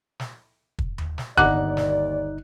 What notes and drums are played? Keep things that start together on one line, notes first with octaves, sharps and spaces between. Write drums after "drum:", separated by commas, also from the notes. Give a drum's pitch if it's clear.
drum: snare
drum: kick
drum: tom D#2
drum: snare
G1 D#2 D#4 D5 F#5 D6 F#6, drum: kick
drum: snare